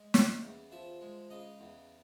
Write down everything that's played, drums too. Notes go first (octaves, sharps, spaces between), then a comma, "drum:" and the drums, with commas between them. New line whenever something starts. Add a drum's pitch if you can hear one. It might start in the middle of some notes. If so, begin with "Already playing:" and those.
Already playing: G#3
C#3, drum: snare
E2
F3 E5
G#3
C#3 D#5
E2